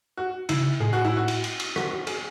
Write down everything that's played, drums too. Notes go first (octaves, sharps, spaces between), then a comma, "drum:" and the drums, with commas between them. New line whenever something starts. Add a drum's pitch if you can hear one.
F#4
C#3 E4, drum: cymbal
A2 G#4
F#4
E4
F#4
drum: cymbal
drum: cymbal
drum: cymbal
F#4, drum: rim click
F#4
G#4, drum: cymbal